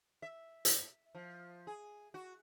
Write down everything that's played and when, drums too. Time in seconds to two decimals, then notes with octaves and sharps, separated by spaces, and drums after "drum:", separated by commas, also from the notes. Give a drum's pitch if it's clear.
0.22 E5
0.65 drum: hi-hat
1.15 F3
1.67 G#4
2.14 F#4